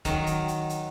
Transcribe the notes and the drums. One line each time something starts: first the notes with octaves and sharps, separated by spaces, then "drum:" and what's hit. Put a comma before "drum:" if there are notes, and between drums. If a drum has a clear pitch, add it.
D#3 F#3, drum: kick, hi-hat
drum: hi-hat
drum: hi-hat
drum: hi-hat